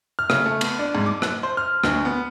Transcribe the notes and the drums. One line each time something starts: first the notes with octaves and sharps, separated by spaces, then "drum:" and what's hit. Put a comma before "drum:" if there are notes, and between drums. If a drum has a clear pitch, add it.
F6
C#3, drum: rim click
A3
B3, drum: cymbal
D4
G#2
D6
F#6, drum: rim click
C5
F6
D2, drum: rim click
B3